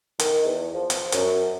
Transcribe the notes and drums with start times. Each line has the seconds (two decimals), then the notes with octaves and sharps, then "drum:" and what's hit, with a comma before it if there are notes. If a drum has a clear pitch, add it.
0.19 D#3, drum: hi-hat
0.44 E2
0.74 F3
0.90 drum: hi-hat
1.12 F#2, drum: hi-hat